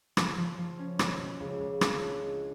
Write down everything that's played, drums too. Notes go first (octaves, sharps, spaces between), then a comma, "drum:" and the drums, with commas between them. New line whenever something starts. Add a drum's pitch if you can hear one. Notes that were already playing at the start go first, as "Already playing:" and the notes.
F3, drum: rim click
F3
F3
C#4
B2, drum: rim click
B2
C#2
C#2
C#2, drum: rim click
D4
G#3